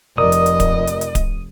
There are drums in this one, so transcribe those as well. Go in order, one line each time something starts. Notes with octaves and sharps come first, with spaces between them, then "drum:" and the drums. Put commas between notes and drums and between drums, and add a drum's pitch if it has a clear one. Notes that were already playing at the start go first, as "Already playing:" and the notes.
F1 A#4 D5 D#5 D#6
drum: hi-hat
drum: hi-hat
drum: kick D1, hi-hat
drum: hi-hat
drum: hi-hat
drum: kick D1, hi-hat